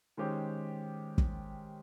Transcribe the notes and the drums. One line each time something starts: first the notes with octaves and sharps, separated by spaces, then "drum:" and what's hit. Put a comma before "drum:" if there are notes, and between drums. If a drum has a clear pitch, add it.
D#3 G#3 C#4 G4 C5
drum: kick